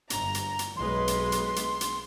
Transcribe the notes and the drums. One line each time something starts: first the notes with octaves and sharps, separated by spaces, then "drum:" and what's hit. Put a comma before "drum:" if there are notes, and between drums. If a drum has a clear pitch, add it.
G1 A#5, drum: hi-hat
drum: hi-hat
drum: hi-hat
B1 G#3 B4 C6
drum: hi-hat
drum: hi-hat
drum: hi-hat
drum: hi-hat